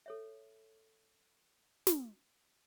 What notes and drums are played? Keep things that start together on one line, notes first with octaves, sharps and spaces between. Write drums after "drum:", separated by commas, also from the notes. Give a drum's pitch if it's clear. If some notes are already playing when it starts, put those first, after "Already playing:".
A4 C#5 E5
drum: snare